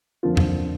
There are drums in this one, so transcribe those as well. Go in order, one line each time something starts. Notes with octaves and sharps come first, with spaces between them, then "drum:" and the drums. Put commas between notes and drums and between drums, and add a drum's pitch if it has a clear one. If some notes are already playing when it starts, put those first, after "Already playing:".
F2 D3 F3 A#3 F4
drum: tom E2